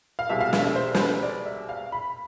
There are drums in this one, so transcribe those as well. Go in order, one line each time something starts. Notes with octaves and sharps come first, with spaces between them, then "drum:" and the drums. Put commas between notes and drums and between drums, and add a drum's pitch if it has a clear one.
F5
C2 B2 G#3 E5
F5
E5, drum: snare
E5
C5
C5, drum: snare
B4
D5
E5
F5
B5